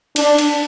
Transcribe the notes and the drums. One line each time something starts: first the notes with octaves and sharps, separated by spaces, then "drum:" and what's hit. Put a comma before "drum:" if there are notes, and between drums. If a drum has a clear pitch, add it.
D4, drum: cymbal
drum: cymbal